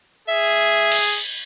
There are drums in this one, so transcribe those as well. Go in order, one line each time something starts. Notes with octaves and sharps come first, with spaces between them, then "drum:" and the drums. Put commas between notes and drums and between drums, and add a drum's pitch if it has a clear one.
G#4 E5
drum: cymbal